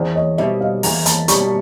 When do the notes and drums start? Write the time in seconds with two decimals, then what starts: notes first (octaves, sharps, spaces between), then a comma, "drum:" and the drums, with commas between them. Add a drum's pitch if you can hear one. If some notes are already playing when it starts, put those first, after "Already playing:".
Already playing: E2 C5 D5
0.16 C#5 D#5
0.38 B2 G3 D5 E5
0.60 D#5 F5
0.83 E2 G#5 A#5, drum: open hi-hat
1.06 A5 B5, drum: hi-hat
1.28 B2 G3 B5 C#6, drum: hi-hat